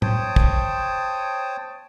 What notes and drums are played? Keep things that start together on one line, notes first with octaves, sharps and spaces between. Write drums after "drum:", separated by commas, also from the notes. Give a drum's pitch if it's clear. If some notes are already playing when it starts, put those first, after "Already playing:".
C5 C#5 G5 A5 D#6, drum: tom
drum: kick